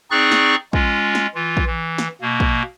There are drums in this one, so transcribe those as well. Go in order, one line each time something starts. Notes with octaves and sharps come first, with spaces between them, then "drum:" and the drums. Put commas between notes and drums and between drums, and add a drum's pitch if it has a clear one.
C4 D#4 G#4 D5 C#6 F#6
drum: snare
G#3 C#4 F4, drum: kick
drum: snare
E3 F4
drum: kick
E3
drum: snare
B2 A#3
drum: kick